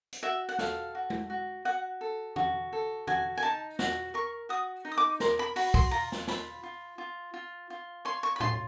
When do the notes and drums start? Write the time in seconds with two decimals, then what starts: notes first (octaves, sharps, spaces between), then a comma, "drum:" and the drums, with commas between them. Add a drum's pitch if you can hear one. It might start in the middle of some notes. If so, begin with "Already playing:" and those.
0.13 drum: hi-hat
0.23 F#4 E5
0.49 F#5
0.59 A4 F5, drum: snare
0.95 F#4
1.10 drum: tom G#3
1.30 F#4
1.65 F#4 F#5
2.01 A4
2.36 F#4, drum: tom
2.73 A4
3.07 F#4 G#5, drum: tom
3.37 G#5
3.43 D#4 A5
3.79 F#4, drum: snare
4.14 A#4 C#6
4.49 F#4 D#6
4.85 D#4
4.92 D#6
4.98 D6
5.20 A#4 C6, drum: snare
5.39 B5
5.56 F#4 B5, drum: open hi-hat
5.74 C6, drum: kick
5.91 F4 A#5
6.12 drum: snare
6.27 F4 B5, drum: snare
6.63 F4
6.98 F4
7.34 F4
7.70 F4
8.05 C#5 C6
8.23 C#6
8.36 B5
8.40 F4 C6, drum: tom A2